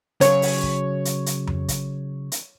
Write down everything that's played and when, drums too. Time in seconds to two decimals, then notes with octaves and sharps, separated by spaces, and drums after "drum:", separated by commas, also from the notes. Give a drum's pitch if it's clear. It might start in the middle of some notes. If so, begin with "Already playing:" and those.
0.21 C#3 F#3 C#5, drum: hi-hat
0.42 drum: open hi-hat
0.63 drum: kick
1.05 drum: hi-hat
1.26 drum: hi-hat
1.47 drum: tom F2
1.68 drum: kick, hi-hat
2.32 drum: hi-hat